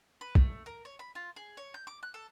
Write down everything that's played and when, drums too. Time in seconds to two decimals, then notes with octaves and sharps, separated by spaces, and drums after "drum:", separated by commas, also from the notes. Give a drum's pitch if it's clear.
0.21 B4
0.35 A3, drum: kick
0.66 A#4
0.85 C#5
0.99 B5
1.15 F4
1.36 G#4
1.57 C#5
1.74 G6
1.87 D6
2.03 F#6
2.14 A4